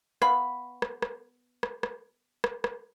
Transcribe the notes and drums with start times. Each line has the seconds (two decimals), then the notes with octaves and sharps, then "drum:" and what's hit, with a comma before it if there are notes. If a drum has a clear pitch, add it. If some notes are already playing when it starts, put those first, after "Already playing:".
0.22 B3 F5 B5 C#6, drum: rim click
0.82 drum: rim click
1.02 drum: rim click
1.63 drum: rim click
1.83 drum: rim click
2.44 drum: rim click
2.64 drum: rim click